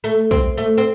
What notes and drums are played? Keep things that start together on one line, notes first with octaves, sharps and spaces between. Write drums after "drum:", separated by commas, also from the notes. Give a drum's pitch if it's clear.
A3
C4, drum: kick
A3
C4